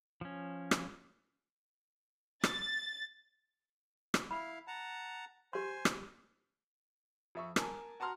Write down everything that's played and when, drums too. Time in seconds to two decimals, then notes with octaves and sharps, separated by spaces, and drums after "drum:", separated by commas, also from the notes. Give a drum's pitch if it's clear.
0.21 F3 C#4
0.71 drum: rim click
2.44 A6, drum: rim click
4.14 drum: rim click
4.31 E4 F5 B5
4.67 F#5 A5 A#5
5.53 G4 C5 G#5 C6
5.85 drum: rim click
7.35 F2 E5 C#6
7.56 A#4 G#5 A5, drum: rim click
8.00 F#4 A5 A#5 C6 F6